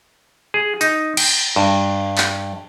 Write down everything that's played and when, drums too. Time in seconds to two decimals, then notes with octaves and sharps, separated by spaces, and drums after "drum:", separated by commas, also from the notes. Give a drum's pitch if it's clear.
0.54 G#4
0.81 D#4, drum: hi-hat
1.17 G5, drum: cymbal
1.56 G2
2.18 drum: clap